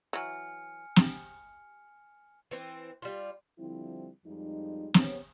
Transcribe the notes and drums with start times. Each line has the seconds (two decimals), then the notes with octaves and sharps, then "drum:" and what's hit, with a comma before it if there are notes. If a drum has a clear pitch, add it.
0.13 E3 F#3 G#5 F6 C#7
0.96 G4, drum: snare
2.51 E3 C4
3.02 G3 F4
3.59 D3 F3 G3 C4 E4
4.26 F2 F3 G3 G#3 D#4
4.94 C#3 B3 C4 G4 C#5, drum: snare